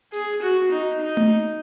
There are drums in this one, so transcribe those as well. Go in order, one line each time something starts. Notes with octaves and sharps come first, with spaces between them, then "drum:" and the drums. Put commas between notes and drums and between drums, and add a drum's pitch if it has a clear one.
G#4, drum: hi-hat
F#4
D#4
D#4
drum: tom A3